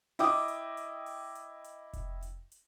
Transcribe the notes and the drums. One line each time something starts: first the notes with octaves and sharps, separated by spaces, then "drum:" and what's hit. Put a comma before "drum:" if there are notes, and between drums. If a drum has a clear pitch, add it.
E4 D#5 G5 D6 D#6, drum: open hi-hat
drum: hi-hat
drum: hi-hat
drum: open hi-hat
drum: hi-hat
drum: hi-hat
drum: kick F1, hi-hat
drum: hi-hat
drum: hi-hat